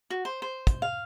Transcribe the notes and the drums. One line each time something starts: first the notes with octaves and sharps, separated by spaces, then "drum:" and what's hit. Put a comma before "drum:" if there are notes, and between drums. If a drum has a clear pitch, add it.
F#4
C5
C5
drum: kick, hi-hat
F5